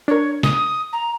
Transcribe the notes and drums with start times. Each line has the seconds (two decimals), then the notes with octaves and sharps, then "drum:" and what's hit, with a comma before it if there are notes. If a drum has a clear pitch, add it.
0.08 D4 A#4 C#5
0.43 D#6, drum: snare
0.93 A#5